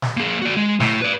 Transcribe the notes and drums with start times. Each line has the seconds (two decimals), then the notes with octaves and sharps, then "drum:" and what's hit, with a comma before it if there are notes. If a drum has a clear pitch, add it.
0.02 drum: snare
0.17 A#3 G#4
0.42 F#4 D5
0.56 G#3
0.80 A2, drum: snare
1.02 B4 D5